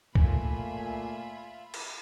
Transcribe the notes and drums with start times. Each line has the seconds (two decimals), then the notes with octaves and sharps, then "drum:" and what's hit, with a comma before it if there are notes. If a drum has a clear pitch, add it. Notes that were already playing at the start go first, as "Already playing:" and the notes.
0.15 A#2 A3 F4 E5 G#5 B5, drum: kick
1.74 drum: cymbal